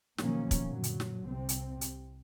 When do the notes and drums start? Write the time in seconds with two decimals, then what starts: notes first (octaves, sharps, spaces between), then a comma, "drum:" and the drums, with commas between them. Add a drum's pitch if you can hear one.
0.18 B2 D#3 F3 F#3 A#3 C#4, drum: snare
0.51 drum: kick, hi-hat
0.66 F#2 A#2 D3 F#3
0.83 drum: hi-hat
1.00 drum: snare
1.24 C2 C3 C4
1.49 drum: hi-hat
1.81 drum: hi-hat